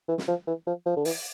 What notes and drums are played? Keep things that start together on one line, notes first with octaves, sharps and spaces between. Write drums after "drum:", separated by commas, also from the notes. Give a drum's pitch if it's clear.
E3
drum: snare
F3
E3
F3
F3
D3
E3, drum: open hi-hat